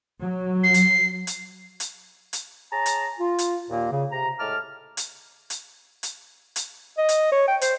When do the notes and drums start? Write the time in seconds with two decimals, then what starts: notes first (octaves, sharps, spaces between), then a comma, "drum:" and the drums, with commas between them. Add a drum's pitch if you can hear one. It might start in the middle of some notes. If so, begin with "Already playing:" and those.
0.22 F#3
0.64 C7
0.74 drum: hi-hat
1.27 drum: hi-hat
1.80 drum: hi-hat
2.33 drum: hi-hat
2.72 G#4 C#5 A5 A#5
2.86 drum: hi-hat
3.19 F4
3.39 drum: hi-hat
3.68 D#2 A#2 A#3
3.92 C#3
4.11 C3 A#5
4.39 A2 G#3 A5 D6 F6
4.97 drum: hi-hat
5.50 drum: hi-hat
6.03 drum: hi-hat
6.56 drum: hi-hat
6.98 D#5
7.09 drum: hi-hat
7.32 C#5
7.48 G5
7.61 C5, drum: hi-hat